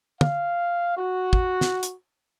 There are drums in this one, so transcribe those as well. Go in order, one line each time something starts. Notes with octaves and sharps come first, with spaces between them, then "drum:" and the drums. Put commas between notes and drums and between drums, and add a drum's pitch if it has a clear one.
F5, drum: tom
F#4
drum: kick
drum: snare
drum: hi-hat